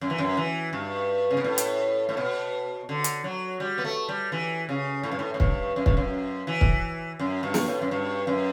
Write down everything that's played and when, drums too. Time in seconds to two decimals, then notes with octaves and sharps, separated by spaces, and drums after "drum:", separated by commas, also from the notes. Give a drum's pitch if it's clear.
0.01 F#2
0.10 E3
0.18 F#2
0.37 E3
0.73 G2
1.31 C#3
1.37 B2
1.44 A2
1.58 drum: hi-hat
2.09 A2
2.17 B2
2.89 D3
3.04 drum: hi-hat
3.24 F#3
3.60 G3
3.78 B3
3.84 A3
4.08 G3
4.32 E3
4.69 C#3
5.03 A2
5.11 G2
5.19 A2
5.34 A2
5.40 G2, drum: kick
5.76 F#2
5.86 G2, drum: kick
5.97 F#2
6.47 E3
6.61 drum: kick
7.19 F#2
7.43 G2
7.54 drum: snare
7.68 A2
7.82 F#2
7.91 G2
8.27 F#2